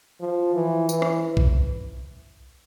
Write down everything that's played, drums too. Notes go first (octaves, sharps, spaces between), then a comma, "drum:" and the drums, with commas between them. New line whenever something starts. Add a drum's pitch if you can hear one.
F3
E3
E3, drum: tambourine
drum: rim click
drum: kick B1